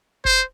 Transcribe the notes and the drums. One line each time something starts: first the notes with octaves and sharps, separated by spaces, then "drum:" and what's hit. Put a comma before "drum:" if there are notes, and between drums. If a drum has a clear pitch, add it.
C5, drum: kick F#1